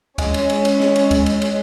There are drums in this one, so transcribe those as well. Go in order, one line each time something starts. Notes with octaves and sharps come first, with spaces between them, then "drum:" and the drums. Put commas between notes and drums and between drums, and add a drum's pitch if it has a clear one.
G#3 C#4, drum: kick C#2, cymbal
drum: cymbal
drum: cymbal
drum: cymbal
drum: snare
drum: cymbal
drum: kick C#2, cymbal
drum: cymbal
drum: cymbal